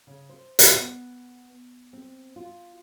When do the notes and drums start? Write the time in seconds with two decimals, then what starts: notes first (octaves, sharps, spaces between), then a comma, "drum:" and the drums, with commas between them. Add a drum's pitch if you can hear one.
0.07 C#3
0.29 C5
0.59 drum: hi-hat
0.77 B3
1.93 C4
2.36 F4